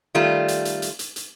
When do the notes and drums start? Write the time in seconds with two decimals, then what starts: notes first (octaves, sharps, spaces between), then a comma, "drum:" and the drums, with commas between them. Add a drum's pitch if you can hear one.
0.15 D#3 G3 A3 F4
0.48 drum: hi-hat
0.65 drum: hi-hat
0.82 drum: hi-hat
0.99 drum: hi-hat
1.16 drum: hi-hat